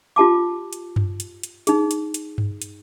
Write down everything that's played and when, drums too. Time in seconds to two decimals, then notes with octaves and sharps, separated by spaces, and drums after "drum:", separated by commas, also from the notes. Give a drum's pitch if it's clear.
0.16 F4 G4 A5 D6
0.73 drum: hi-hat
0.96 drum: tom F#2
1.20 drum: hi-hat
1.43 drum: hi-hat
1.67 D#4 G#4, drum: hi-hat
1.91 drum: hi-hat
2.14 drum: hi-hat
2.38 drum: tom G2
2.62 drum: hi-hat